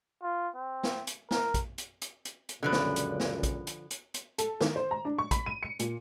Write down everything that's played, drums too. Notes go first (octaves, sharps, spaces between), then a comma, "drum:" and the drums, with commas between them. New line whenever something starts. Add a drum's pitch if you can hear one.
F4
C4
drum: snare
drum: hi-hat
A#4, drum: snare
drum: kick, hi-hat
drum: hi-hat
drum: hi-hat
drum: hi-hat
drum: hi-hat
C#2 F#2 A#2 D3 F3 B4
drum: snare
drum: hi-hat
drum: snare
drum: kick, hi-hat
drum: hi-hat
drum: hi-hat
drum: hi-hat
A4, drum: hi-hat
D#3, drum: snare
C5
A#5
D4
C#6
B5, drum: kick, hi-hat
D#7
C#7
A#2, drum: hi-hat